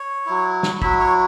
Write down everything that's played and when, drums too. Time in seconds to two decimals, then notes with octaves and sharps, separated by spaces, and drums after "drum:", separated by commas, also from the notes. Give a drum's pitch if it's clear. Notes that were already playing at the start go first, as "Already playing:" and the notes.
Already playing: C#5
0.26 F#3 E4
0.63 drum: snare
0.82 F#3 E4 E5, drum: kick
1.00 C#5